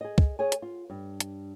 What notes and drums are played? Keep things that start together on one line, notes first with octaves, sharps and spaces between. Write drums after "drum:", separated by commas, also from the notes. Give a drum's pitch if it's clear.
G#4 D#5
drum: kick
G#4 C#5 G#5
drum: hi-hat
F4
G2
drum: hi-hat